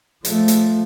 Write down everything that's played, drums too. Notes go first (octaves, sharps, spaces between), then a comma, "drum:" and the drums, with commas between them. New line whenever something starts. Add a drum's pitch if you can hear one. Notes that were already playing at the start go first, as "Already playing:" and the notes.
F3 A3, drum: hi-hat
drum: hi-hat